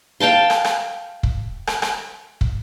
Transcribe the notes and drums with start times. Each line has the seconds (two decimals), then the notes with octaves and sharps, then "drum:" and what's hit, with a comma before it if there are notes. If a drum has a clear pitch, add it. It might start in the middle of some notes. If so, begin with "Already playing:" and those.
0.20 F5 G5 A5 C6
0.50 drum: rim click
0.65 drum: rim click
1.23 drum: kick
1.67 drum: rim click
1.82 drum: rim click
2.41 drum: kick